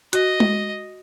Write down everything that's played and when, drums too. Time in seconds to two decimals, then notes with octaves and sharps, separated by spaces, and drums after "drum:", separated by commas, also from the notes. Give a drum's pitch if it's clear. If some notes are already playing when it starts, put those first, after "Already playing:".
0.13 F#4 D#5, drum: hi-hat
0.40 drum: tom G#3